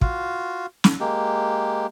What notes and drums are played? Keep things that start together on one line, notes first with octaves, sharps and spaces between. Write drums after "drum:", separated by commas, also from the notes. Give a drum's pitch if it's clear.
F4 F#4 F5, drum: kick
drum: snare
G#3 A#3 G4